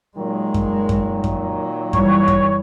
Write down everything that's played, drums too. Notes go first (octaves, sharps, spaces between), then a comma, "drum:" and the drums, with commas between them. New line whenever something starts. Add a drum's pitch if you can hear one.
A#2 D#3 F#3 G#3
drum: kick F#2
drum: kick F#2
drum: kick F#2
E3 G3 C#5, drum: kick F#2
drum: kick F#2